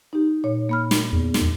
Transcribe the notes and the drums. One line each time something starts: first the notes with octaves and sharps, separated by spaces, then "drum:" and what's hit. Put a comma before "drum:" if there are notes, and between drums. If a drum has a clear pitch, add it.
D#4 G4
A#2 C#5
A#3 B5 F6
drum: snare
E2
drum: snare